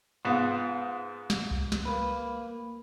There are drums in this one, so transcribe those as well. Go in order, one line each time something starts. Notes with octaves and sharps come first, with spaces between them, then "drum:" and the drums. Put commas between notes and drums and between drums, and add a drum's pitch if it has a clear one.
G#2 B3 F4
drum: snare
drum: kick C2
drum: snare
A#3 B4